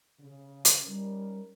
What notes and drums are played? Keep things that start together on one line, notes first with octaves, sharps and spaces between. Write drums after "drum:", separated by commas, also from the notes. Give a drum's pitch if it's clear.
C#3
drum: hi-hat
G3 C#4 D#4 A#4